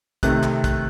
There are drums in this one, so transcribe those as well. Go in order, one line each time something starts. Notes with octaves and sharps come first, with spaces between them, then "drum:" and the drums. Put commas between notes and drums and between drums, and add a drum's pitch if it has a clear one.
C3 D#3 A3 C4 F#6, drum: kick, hi-hat
drum: clap
F#6, drum: kick, hi-hat